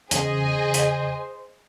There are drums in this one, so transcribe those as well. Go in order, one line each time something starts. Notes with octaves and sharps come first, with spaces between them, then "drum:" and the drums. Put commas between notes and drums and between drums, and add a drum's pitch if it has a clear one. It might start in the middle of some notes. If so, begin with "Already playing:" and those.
E2 C#3 G#4 C5 D#5 G#5, drum: hi-hat
drum: hi-hat